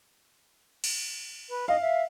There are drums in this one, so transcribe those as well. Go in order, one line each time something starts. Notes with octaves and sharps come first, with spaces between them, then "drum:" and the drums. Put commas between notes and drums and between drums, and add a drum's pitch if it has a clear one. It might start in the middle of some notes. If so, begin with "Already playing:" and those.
drum: cymbal
B4
D#5 F5
E5